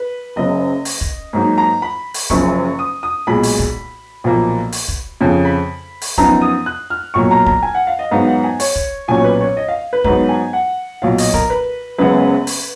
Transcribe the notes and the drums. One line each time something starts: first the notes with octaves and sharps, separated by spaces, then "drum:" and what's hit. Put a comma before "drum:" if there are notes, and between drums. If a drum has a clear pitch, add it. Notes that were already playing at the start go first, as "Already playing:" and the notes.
Already playing: B4
F#1 F#2 C#3 D#5
drum: open hi-hat
drum: kick
G#2 F#3 A#3 D#4
A#5
B5
drum: open hi-hat
F#1 F#2 C#3 F3 C#6, drum: kick
D#6
D#6
B1 A#2 G#3 B5
drum: open hi-hat
drum: kick
B1 A#2 F3 A#3
drum: open hi-hat
drum: kick
F2 C#3 F3
B5
drum: open hi-hat
F#2 F3 B3 D#4 A#5, drum: kick
D#6
F#6
F6
B1 A#2 F#3 A#3 C#6
A#5
A#5, drum: kick
G#5
F#5
F5
D#5
G#2 F#3 B3 D#4 F5
F#5
G#5
C#5, drum: open hi-hat
drum: kick
B1 A#2 F#3 C#4 G#5
C#5
B4
C#5
D#5
F5
B4
G#2 F#3 B3 D#4 B4, drum: kick
G#5
F#5
B1 A#2 F#3 F5
D#5, drum: open hi-hat
A#4, drum: kick
B4
F#1 F#2 C#3 G#3 B3 B4
drum: open hi-hat